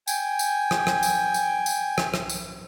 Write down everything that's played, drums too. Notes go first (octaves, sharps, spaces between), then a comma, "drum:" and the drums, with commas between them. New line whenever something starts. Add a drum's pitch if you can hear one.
G5 G#5, drum: tambourine
drum: tambourine
drum: rim click
drum: rim click
drum: tambourine
drum: tambourine
drum: tambourine
drum: rim click
drum: rim click
drum: tambourine